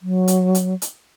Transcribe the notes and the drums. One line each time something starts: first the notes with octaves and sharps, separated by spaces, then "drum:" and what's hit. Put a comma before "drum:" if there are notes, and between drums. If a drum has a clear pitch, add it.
F#3
drum: hi-hat
drum: hi-hat
drum: hi-hat